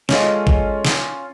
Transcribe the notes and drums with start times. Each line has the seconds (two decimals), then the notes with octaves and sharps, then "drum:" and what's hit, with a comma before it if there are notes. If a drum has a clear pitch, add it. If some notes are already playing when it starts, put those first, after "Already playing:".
0.09 G#3 C#4 F4 A4 D#5, drum: snare
0.47 drum: kick A1
0.85 drum: snare